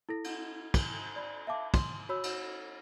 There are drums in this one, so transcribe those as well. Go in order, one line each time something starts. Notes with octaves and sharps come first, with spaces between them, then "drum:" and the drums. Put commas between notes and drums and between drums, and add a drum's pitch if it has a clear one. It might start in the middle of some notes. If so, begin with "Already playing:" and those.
E4 A4 A#6
drum: cymbal
drum: kick, cymbal
D5 B5
E5 F5 A5 D6
C6, drum: kick, cymbal
F#4 C#5 B5 E6
drum: cymbal